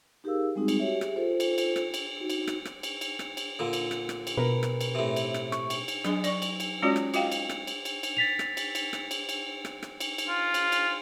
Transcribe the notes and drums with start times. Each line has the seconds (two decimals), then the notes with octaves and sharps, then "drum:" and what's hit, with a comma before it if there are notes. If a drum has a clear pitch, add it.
0.24 D#4 G4 G#4 A#4 F5 E6
0.55 G3 G#3 C4 D#4 F#4 G#4
0.68 drum: cymbal
0.79 F#4 G4 C#5 E5
1.01 G4 G#4 E5, drum: rim click
1.16 F4 A4 C5
1.40 drum: cymbal
1.58 drum: cymbal
1.76 drum: rim click
1.94 drum: cymbal
2.20 D#4 F#4
2.30 drum: cymbal
2.48 drum: rim click
2.65 drum: rim click
2.83 drum: cymbal
3.01 drum: cymbal
3.19 drum: rim click
3.37 drum: cymbal
3.59 A#2 D3
3.73 drum: cymbal
3.91 drum: rim click
4.09 drum: rim click
4.27 drum: cymbal
4.37 B2 A#4 B4
4.63 drum: rim click
4.81 drum: cymbal
4.95 A2 C3
5.16 drum: cymbal
5.34 drum: rim click
5.52 C#6, drum: rim click
5.70 drum: cymbal
5.88 drum: cymbal
6.04 F#3 D4 G#4 D#5 G#5, drum: rim click
6.24 D5 C#6, drum: cymbal
6.42 drum: cymbal
6.60 drum: cymbal
6.82 G#3 C#4 F4 F#4 C#5 D5
6.96 drum: rim click
7.14 F4 F#4 D#5 F5 G5, drum: cymbal
7.32 drum: cymbal
7.49 drum: rim click
7.67 drum: cymbal
7.85 drum: cymbal
8.03 drum: cymbal
8.17 A6 B6 F7
8.39 drum: rim click
8.57 drum: cymbal
8.75 drum: cymbal
8.93 drum: rim click
9.11 drum: cymbal
9.29 drum: cymbal
9.65 drum: rim click
9.83 drum: rim click
10.00 drum: cymbal
10.18 drum: cymbal
10.29 F4
10.54 drum: cymbal
10.72 drum: cymbal